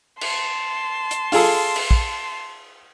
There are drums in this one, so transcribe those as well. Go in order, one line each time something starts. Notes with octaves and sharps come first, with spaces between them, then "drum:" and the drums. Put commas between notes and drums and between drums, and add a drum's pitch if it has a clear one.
A5 C6, drum: cymbal
drum: hi-hat
F4 G#4 A4, drum: open hi-hat
drum: cymbal
drum: kick